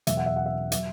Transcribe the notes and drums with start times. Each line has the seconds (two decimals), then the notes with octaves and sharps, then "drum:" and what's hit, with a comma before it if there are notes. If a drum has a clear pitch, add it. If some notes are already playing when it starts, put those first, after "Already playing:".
0.07 E2 B2 F#3 E5, drum: hi-hat
0.17 F#5
0.26 E5
0.36 F#5
0.46 E5
0.72 F#3 E5, drum: hi-hat